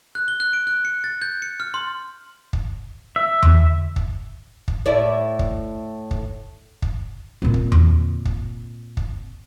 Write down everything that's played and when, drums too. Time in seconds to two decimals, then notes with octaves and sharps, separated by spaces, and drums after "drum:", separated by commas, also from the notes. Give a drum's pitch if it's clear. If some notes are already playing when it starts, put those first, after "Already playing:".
0.15 F#6
0.28 G7
0.40 F#6
0.53 D7
0.67 F#6
0.85 C#7
1.04 A6
1.22 G6
1.42 C#7
1.60 F6
1.74 C6
2.53 drum: kick
3.16 E5
3.43 drum: tom E2
3.96 drum: kick
4.68 drum: kick
4.86 A2 E4 D5
5.39 drum: kick
6.11 drum: kick
6.82 drum: kick
7.42 A#2 C4
7.54 drum: kick
7.72 drum: tom E2
8.25 drum: kick
8.97 drum: kick